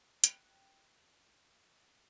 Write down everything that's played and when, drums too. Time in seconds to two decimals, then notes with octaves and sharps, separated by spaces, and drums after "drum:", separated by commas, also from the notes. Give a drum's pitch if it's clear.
0.24 G5 F#6, drum: hi-hat